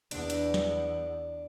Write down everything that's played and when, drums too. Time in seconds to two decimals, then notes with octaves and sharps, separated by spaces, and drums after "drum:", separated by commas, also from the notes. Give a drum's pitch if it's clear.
0.11 E2 B3 D4, drum: hi-hat
0.30 drum: hi-hat
0.54 drum: snare